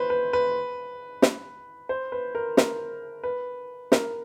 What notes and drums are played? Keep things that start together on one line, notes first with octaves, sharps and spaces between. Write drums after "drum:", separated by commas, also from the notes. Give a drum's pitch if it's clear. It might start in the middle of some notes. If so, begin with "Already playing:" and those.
Already playing: B4 C5
B4
B4
drum: snare
C5
B4
A#4
A#4, drum: snare
B4
A#4, drum: snare